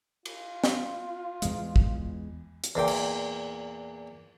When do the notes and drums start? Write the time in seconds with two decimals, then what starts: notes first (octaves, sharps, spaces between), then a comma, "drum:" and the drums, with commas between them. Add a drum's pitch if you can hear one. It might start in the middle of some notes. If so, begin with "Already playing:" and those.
0.26 F4, drum: cymbal
0.64 drum: snare
1.42 E2 G#3, drum: hi-hat
1.76 drum: kick
2.64 drum: hi-hat
2.75 E2 A#2 G5
2.88 drum: cymbal